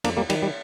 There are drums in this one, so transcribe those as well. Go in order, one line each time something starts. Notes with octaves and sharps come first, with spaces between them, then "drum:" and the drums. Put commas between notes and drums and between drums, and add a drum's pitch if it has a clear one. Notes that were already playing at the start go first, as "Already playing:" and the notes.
F2 A#3 D4, drum: cymbal
G3 A#3
D#3 G3, drum: cymbal
G3